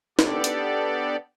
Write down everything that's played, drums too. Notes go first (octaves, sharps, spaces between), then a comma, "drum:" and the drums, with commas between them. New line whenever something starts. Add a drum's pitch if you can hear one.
B3 D4 G4 A4 D5, drum: snare
drum: hi-hat